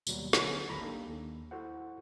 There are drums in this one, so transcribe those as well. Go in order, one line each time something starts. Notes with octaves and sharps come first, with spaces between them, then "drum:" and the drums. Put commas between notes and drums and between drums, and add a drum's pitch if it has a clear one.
D#2 B2 F#3 G3 B3, drum: tambourine
D3 F#3 B3 C#4, drum: snare
G#1 D2 F#3 A#5 B5
A#3 D4 D#4 G4 A4
D#2
E4 F#4 A4 C5 F#5